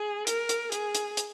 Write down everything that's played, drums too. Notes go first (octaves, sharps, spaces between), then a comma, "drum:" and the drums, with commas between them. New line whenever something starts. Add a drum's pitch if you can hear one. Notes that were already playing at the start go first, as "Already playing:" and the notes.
Already playing: G#4
A#4, drum: hi-hat
drum: hi-hat
G#4, drum: hi-hat
drum: hi-hat
drum: hi-hat